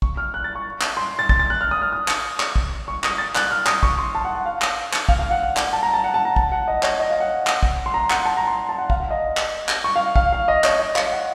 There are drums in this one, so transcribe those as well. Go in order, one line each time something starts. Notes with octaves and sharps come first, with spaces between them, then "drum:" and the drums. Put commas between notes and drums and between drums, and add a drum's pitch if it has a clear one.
C#6, drum: kick
F6
F#6
A6
C#6
drum: clap
C6
A6
A6, drum: kick
A6
F#6
F6
D#6
F6
D#6
drum: clap
drum: clap
drum: kick
C#6
D#6, drum: clap
A6
F#6, drum: clap
F6
D#6, drum: clap
C#6, drum: kick
C6
A5
F#5
F#5
F5
drum: clap
drum: clap
F5, drum: kick
F5
F#5
drum: clap
A5
A#5
A5
F#5
A5
A#5
A5, drum: kick
F#5
D#5
C#5, drum: clap
D#5
F5
F#5
drum: clap
drum: kick
C6
A#5
F#5, drum: clap
A5
A#5
C6
A5
F#5
F5, drum: kick
F5
D#5
drum: clap
drum: clap
C#6
F5
F5, drum: kick
F5
D#5
C#5, drum: clap
D#5
F5, drum: clap
F#5